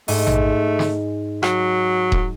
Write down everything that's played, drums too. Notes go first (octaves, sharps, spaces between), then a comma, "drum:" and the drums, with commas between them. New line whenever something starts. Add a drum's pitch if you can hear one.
G#2 A3, drum: open hi-hat
drum: tom A1
drum: snare
F#3, drum: rim click
drum: kick D#1